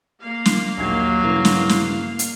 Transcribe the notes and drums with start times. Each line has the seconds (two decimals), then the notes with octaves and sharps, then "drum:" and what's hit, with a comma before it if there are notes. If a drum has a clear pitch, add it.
0.21 A#3 F5
0.46 drum: snare
0.77 A#1 D#2 F#3 G#6
1.24 G2 C#3 E3
1.45 drum: snare
1.69 drum: snare
2.19 drum: hi-hat